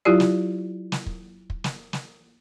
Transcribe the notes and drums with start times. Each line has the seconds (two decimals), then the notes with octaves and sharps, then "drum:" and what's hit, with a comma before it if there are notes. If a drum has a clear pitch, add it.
0.05 F#3 E4 F4 G4 D5
0.20 drum: snare
0.92 drum: snare
1.06 drum: kick
1.50 drum: kick
1.64 drum: snare
1.93 drum: snare